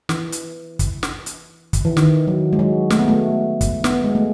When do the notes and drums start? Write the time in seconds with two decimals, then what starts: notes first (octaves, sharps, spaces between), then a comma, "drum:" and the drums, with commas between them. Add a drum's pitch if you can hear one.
0.09 E3, drum: snare
0.32 drum: hi-hat
0.79 drum: kick, hi-hat
1.03 drum: snare
1.26 drum: hi-hat
1.73 drum: kick, hi-hat
1.85 E3
1.97 D#3, drum: snare
2.27 F#3
2.53 G#3
2.59 F#3
2.90 A3, drum: snare
2.99 B3
3.08 A3
3.61 drum: kick, hi-hat
3.84 B3, drum: snare
4.04 G#3
4.15 A3